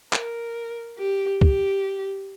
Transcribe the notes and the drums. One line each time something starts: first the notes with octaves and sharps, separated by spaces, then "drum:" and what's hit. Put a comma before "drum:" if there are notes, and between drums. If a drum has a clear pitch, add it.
A#4, drum: clap
G4
G4, drum: kick